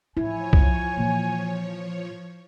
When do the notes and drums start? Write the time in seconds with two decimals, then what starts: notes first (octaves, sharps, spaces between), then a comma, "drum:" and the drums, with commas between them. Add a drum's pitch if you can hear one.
0.17 A2 F3 D#4 E4 C#5 G#5
0.53 drum: kick C2
0.97 A#2 E3